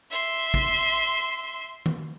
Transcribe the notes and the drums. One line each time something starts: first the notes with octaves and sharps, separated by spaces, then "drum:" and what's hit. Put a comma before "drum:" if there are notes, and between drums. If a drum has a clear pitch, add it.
E5 C6
drum: kick
drum: tom D#3